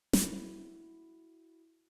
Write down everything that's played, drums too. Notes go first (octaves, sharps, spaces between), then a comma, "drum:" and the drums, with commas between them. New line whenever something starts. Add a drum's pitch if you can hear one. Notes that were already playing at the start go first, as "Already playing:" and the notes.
E4 F#4, drum: snare